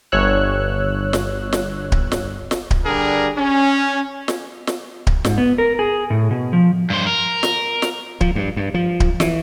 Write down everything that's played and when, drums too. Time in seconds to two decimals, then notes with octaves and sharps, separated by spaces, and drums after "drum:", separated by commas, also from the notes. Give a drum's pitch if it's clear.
0.12 G1 C#5 E6 F#6
1.13 drum: snare
1.53 drum: snare
1.92 drum: kick D1
2.12 drum: snare
2.51 drum: snare
2.71 drum: kick D1
2.86 D3 G3 D4 G#4 A#4
3.37 C#4
4.28 drum: snare
4.67 drum: snare
5.07 drum: kick D1
5.25 G#2, drum: snare
5.38 B3
5.58 A#4
5.79 G#4
6.10 A2
6.31 B2
6.53 F3
6.90 G2 C5
7.07 A#4
7.43 drum: snare
7.82 drum: snare
8.21 F3, drum: kick D1
8.35 G2
8.57 G2
8.74 F3
9.00 drum: kick D1
9.20 E3, drum: snare